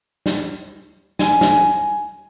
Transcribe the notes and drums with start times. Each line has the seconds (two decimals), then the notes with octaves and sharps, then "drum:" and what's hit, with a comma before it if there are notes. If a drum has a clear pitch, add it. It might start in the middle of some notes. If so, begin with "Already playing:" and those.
0.26 drum: snare
1.19 G#5, drum: snare
1.41 drum: snare